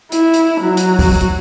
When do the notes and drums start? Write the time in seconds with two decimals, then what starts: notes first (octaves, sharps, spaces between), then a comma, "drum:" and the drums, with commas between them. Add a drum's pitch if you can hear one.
0.12 E4, drum: hi-hat
0.34 drum: hi-hat
0.61 F#3
0.77 drum: hi-hat
0.99 drum: kick, open hi-hat
1.21 drum: hi-hat